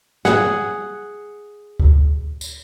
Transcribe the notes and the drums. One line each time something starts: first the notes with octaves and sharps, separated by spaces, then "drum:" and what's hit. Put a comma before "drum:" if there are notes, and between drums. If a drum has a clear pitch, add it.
G#4 F#5, drum: snare
drum: kick D2
drum: tambourine